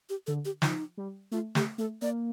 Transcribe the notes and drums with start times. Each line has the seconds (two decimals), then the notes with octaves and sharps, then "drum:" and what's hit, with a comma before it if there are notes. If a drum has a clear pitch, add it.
0.09 G4
0.27 D3 A4
0.45 G4
0.62 F3 D#4, drum: snare
0.97 G3
1.32 A3 F4
1.55 A3 G4, drum: snare
1.78 A3 A4
2.02 A#3 D5